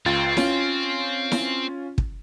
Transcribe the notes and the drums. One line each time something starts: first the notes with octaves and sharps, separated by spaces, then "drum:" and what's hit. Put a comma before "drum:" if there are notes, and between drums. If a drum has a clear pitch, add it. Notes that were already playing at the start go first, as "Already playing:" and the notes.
C#2 C4 F4 A6
C#4 F4, drum: snare E4
drum: snare E4
drum: kick